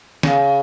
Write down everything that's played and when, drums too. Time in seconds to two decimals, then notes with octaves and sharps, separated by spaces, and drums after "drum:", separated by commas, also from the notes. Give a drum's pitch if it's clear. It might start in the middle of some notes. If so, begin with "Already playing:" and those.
0.23 C#3, drum: snare